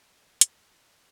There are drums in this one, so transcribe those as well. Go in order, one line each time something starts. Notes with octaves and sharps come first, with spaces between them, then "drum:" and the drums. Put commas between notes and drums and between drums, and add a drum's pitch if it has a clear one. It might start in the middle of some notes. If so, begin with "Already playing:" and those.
C5 D#5
drum: hi-hat
C3 D5